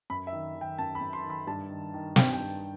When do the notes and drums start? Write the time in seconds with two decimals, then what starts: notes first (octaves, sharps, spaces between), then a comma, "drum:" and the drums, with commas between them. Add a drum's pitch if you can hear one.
0.10 F#2 B5
0.27 E5
0.33 D#3
0.55 D#3
0.61 G5
0.79 F#2 A5
0.95 B5
1.01 F#2
1.13 C6
1.24 D#3
1.30 B5
1.47 G2 A5
1.70 D#3
1.94 D#3
2.16 G2 G5, drum: snare
2.33 G5
2.39 G2